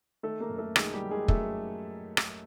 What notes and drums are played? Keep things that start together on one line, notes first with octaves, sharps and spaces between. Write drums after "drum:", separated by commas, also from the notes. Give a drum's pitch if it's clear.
D#3 A3 A4
A#3 A#4
F#2
A3 A4
D#3 G#3 G#4, drum: rim click
G3 G4
F#3
G#3 G#4
F#2 A3 A4, drum: kick
drum: rim click